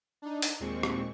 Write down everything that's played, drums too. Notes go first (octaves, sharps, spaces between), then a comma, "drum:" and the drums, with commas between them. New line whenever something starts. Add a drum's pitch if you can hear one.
D4 D#4
drum: open hi-hat
D#2 A#2 G#3 C4 C#6
drum: rim click